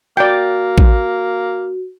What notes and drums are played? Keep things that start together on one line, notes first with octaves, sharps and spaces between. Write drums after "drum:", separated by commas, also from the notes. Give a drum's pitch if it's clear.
A#3 F#4 D5 G5
drum: kick